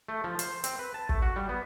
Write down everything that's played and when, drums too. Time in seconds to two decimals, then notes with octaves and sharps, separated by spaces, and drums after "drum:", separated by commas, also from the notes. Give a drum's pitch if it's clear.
0.09 A3
0.24 F3
0.39 C5, drum: hi-hat
0.64 C4, drum: hi-hat
0.79 B4
0.94 A5
1.09 A3, drum: kick
1.22 F#4
1.36 G3
1.49 B3